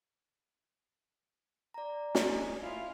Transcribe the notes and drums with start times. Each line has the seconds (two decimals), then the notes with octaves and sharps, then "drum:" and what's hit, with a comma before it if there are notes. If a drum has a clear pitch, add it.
1.74 D5 A#5
2.15 drum: snare
2.31 D#4 G#5
2.62 E4 F4